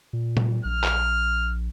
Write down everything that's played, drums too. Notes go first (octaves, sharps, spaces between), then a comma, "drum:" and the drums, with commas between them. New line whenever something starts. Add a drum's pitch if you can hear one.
A#2
drum: tom A#2
A#1 F6
drum: clap